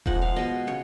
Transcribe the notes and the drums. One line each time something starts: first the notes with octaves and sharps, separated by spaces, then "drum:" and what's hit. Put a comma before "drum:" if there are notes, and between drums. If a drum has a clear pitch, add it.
F3 G#3 D#4 F#5, drum: kick E1
F5
B2 G#3 B3 D#5
C#3 C#5